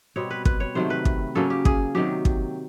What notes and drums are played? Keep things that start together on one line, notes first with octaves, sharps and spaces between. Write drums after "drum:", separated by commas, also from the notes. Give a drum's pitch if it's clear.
B2 G3 C4 C#5
B4
B4, drum: kick
C#5
C3 D#3 F#3 A3 C5
B4
drum: kick
C#3 F#3 A#3 C#4 A4
G4
G#4, drum: kick
C3 D#3 F#3 G4
drum: kick